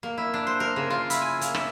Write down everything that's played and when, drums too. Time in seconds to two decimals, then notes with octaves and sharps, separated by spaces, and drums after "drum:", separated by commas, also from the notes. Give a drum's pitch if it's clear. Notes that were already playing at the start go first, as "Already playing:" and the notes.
0.03 A#3
0.18 E4
0.34 D4
0.47 C5
0.60 A#4
0.76 C#3
0.90 F4
1.10 E4, drum: hi-hat
1.22 G#5
1.41 A#3, drum: hi-hat
1.55 E5, drum: rim click